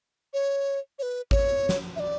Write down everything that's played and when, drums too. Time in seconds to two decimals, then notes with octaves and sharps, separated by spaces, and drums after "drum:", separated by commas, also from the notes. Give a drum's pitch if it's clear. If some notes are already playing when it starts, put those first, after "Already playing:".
0.33 C#5
0.99 C#5
1.03 B4
1.31 C#5, drum: kick G#1
1.69 drum: snare
1.96 E5
2.00 D5